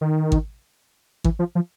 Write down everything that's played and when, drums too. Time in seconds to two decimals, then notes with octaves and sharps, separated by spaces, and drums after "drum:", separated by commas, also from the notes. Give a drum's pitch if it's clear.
0.01 D#3
0.32 drum: kick G#1
1.24 E3, drum: kick G#1
1.39 F3
1.55 F3